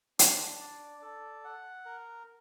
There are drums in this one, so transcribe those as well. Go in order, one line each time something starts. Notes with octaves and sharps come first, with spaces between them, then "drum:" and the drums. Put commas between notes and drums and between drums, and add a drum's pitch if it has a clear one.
D4, drum: hi-hat
D5
A4
F#5
A#4